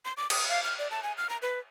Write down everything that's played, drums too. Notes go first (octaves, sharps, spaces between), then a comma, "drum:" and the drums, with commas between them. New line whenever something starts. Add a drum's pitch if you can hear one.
C6
D6
D#6, drum: cymbal
F5
F6
D5
A5
G#5
F6
A#5
B4